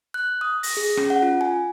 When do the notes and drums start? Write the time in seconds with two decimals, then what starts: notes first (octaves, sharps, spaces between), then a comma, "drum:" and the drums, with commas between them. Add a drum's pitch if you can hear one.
0.14 F#6
0.41 D#6
0.63 A#6, drum: open hi-hat
0.77 G#4
0.97 C#4, drum: rim click
1.10 F#5
1.22 F4
1.41 G#5